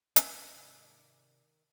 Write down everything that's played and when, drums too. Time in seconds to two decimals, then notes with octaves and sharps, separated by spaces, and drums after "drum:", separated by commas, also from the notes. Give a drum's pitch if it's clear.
0.16 F#1 G#2 E3 D5, drum: hi-hat
0.56 C3 D#3